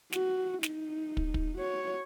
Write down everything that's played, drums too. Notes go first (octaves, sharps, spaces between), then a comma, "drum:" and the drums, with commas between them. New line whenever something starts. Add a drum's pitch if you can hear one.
F#4, drum: snare
D#4, drum: snare
drum: kick
drum: kick
F#4 C#5